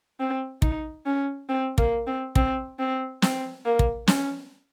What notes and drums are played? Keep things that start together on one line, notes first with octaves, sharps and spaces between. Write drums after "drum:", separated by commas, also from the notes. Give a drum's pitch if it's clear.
C4
D#4, drum: kick
C#4
C4
A#3, drum: kick
C4
C4, drum: kick
C4
C4, drum: snare
A#3
drum: kick
C#4, drum: snare